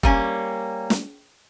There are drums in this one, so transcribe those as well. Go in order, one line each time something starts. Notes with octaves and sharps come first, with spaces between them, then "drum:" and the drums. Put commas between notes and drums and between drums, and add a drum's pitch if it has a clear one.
G3 A#3 C#4, drum: kick F1
drum: snare